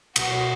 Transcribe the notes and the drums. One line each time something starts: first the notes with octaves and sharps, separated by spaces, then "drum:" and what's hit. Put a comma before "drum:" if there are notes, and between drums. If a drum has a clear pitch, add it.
B2 F#4, drum: cymbal
B2